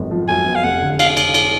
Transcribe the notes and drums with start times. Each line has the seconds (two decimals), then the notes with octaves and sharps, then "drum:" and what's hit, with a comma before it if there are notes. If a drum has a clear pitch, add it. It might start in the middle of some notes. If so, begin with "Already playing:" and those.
Already playing: G#1 F#2 F3 B3
0.11 F3
0.28 F#2 G#5
0.46 B3
0.55 F5
0.63 F1 F#5
0.82 D3
0.99 F5, drum: cymbal
1.17 drum: cymbal
1.34 drum: cymbal